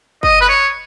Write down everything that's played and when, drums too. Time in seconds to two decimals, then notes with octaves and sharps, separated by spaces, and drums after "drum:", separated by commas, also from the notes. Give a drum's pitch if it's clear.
0.23 D#5, drum: kick
0.41 B4
0.49 C#5